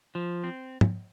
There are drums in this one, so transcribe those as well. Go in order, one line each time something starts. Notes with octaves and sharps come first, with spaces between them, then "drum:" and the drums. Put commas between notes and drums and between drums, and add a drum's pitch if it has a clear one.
F3
C4
drum: tom